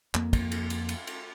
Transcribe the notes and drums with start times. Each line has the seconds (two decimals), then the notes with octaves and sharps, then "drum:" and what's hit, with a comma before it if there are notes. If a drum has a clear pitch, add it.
0.14 F2 A#3, drum: clap
0.33 drum: kick, cymbal
0.52 drum: cymbal
0.70 drum: cymbal
0.89 drum: cymbal
1.07 drum: cymbal